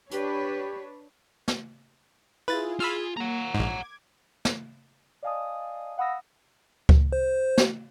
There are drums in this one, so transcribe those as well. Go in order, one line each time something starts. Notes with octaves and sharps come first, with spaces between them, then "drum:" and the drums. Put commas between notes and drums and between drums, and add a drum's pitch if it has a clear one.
D4 G4 B4 C#5, drum: hi-hat
drum: snare
E4 F4 G#4 B4 A6
F4 G#4 B5 E6 F6 G#6
A#3 F#5 A#5
A#1 G#2 D6 G#6
drum: snare
D5 D#5 F5 G#5 A5 D#6
F5 F#5 B5 D#6 E6 A#6
drum: kick C#2
C5
drum: snare